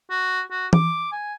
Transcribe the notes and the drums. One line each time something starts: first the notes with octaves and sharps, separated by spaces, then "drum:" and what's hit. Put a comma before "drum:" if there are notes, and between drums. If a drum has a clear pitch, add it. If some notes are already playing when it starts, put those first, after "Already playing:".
F#4
F#4
D6, drum: tom E3
G#5